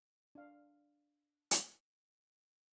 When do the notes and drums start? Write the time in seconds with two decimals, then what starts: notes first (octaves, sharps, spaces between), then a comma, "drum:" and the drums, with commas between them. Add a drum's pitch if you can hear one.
0.35 D4 F5
1.51 drum: hi-hat